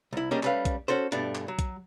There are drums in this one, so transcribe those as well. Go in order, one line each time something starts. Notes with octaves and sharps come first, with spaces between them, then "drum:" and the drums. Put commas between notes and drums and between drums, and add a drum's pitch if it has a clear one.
C2 E4
G3 A#3 C#4 D4 G#4 D#5
G3 A3 C#4 B4 F5, drum: clap
drum: kick B1, hi-hat
C#4 F#4 A4 C5
G2 B2 A3 D4, drum: hi-hat
drum: clap
F#3
drum: kick B1, hi-hat